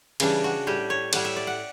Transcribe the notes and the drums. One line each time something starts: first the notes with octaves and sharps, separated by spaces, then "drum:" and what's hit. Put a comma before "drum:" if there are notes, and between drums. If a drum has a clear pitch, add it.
C#3 E3 G3 D4, drum: cymbal
F#4
A2 G3 G4
C#5
A2 G3 F#5, drum: cymbal
E5
D5
F#5